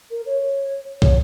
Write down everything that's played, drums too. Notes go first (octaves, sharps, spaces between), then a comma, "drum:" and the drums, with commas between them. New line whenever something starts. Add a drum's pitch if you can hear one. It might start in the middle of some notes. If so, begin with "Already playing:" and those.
A#4
C#5
C#5, drum: kick